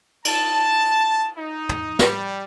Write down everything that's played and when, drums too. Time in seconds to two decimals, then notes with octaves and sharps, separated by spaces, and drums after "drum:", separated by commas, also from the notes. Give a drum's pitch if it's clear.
0.25 A5, drum: cymbal
1.37 D#4
1.69 drum: tom
1.99 G3, drum: snare